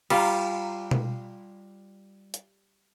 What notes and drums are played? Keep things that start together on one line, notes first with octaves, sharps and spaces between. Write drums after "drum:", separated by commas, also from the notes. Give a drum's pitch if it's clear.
G3 F4, drum: cymbal
drum: tom B2
drum: hi-hat